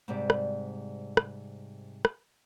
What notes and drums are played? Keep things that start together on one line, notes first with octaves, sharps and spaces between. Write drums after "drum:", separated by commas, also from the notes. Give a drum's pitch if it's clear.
G#2 C3 G3 D5
drum: rim click
drum: rim click
drum: rim click